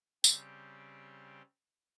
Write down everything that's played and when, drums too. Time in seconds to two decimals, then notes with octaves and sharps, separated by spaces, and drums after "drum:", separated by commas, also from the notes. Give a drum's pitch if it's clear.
0.24 C#3 G3 C4 G4, drum: tambourine